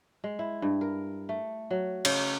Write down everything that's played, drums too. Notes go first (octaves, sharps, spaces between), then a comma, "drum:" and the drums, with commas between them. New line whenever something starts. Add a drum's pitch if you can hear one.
G#3
E4
G2
A#4
A3
F#3
C#3, drum: cymbal